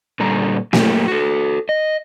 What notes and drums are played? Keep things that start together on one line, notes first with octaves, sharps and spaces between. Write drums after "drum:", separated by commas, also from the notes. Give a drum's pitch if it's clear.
A#2 D3 G3 A#5
F#2 A#2 A#3 G4, drum: snare
F#4 A4
D#5